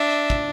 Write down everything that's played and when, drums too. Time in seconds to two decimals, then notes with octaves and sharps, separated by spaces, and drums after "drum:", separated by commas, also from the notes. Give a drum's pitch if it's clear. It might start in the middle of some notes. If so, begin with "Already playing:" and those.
Already playing: D4 E5
0.30 drum: kick